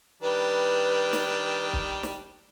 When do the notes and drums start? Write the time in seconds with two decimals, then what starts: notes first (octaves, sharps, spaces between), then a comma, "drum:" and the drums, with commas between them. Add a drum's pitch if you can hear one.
0.22 D#3 G3 D4 B4
1.13 drum: snare
1.73 drum: kick
2.03 drum: snare